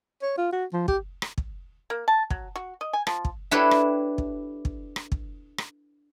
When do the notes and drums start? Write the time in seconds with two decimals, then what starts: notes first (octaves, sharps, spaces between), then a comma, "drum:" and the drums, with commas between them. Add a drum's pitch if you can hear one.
0.22 C#5
0.37 F4
0.52 F#4
0.73 F3
0.88 G4, drum: kick
1.22 drum: rim click
1.38 drum: kick
1.90 A#3
2.08 A5
2.30 F#3, drum: kick
2.56 F#4
2.81 D#5
2.93 G#5
3.07 F3, drum: rim click
3.25 drum: kick
3.51 D4 E4 G4 A4 B4 C#5
3.71 drum: rim click
4.18 drum: kick
4.65 drum: kick
4.96 drum: rim click
5.12 drum: kick
5.58 drum: rim click